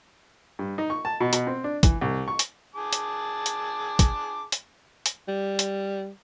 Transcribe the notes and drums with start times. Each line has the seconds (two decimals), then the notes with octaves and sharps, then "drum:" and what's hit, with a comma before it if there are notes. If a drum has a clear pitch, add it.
0.59 G2
0.78 D#4
0.90 C#6
1.05 A5
1.21 B2
1.33 B2, drum: hi-hat
1.47 C4
1.64 D4
1.83 E3, drum: kick, hi-hat
2.01 C2
2.28 C#6
2.39 drum: hi-hat
2.75 G#4 A5 D6
2.93 drum: hi-hat
3.46 drum: hi-hat
3.99 drum: kick, hi-hat
4.52 drum: hi-hat
5.06 drum: hi-hat
5.28 G3
5.59 drum: hi-hat